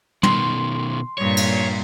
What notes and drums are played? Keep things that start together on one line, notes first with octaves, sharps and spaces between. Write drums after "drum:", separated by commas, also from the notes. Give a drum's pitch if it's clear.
B2 D#3 C6, drum: tom
G2 A#2 C#5
drum: cymbal